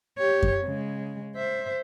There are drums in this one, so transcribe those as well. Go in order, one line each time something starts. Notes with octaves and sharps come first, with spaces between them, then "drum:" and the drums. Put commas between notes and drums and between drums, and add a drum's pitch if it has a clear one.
G4 C#5
drum: kick F#2
C#3 G#3
C5 E5